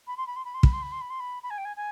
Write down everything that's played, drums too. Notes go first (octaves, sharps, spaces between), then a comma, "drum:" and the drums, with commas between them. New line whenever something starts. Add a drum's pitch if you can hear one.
B5
C6
B5
C6
B5
C6
B5, drum: kick
C6
B5
C6
B5
C6
B5
B5
G#5
G5
G#5
G#5